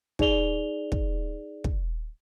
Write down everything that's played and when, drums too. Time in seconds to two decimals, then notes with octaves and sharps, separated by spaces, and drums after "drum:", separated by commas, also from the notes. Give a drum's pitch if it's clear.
0.19 D#4 G#4 D5 F7 G7, drum: kick
0.92 drum: kick
1.64 drum: kick